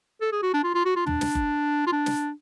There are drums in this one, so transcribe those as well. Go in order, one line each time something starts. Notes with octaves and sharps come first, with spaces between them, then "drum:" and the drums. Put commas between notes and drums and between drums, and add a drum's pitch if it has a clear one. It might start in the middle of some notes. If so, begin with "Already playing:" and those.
A4
G#4
F#4
D4
F4
F4
F#4
F4
D4, drum: tom
drum: snare
drum: kick F#1
F4
D4
drum: snare